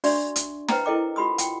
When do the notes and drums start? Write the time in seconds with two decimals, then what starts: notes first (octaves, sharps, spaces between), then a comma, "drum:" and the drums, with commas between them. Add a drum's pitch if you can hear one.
0.04 D4 F#4 D5 E5 C6 C#6, drum: open hi-hat
0.36 drum: hi-hat
0.68 B4 C5 F#5 G5 A#5, drum: snare
0.86 E4 A4 A#4 D#5 G5 D6
1.16 F4 G4 B5 C6 D#6
1.38 F#5 G5, drum: hi-hat